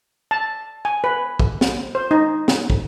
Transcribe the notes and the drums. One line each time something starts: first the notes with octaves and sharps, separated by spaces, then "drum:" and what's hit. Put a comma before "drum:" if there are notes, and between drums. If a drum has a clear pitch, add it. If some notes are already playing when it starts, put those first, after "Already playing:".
A5
G#5
B4
drum: kick
drum: snare
C5
D#4
drum: snare
drum: kick